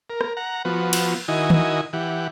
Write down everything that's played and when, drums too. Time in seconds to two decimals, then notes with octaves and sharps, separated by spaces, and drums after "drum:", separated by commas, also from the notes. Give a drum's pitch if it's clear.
0.10 A#4
0.21 drum: rim click
0.37 F#5 A#5
0.65 F3 B3 F#4
0.93 drum: cymbal
1.28 D#3 E4 F#4 D#5 G#5
1.50 drum: tom D#3
1.93 E3 G4 F#5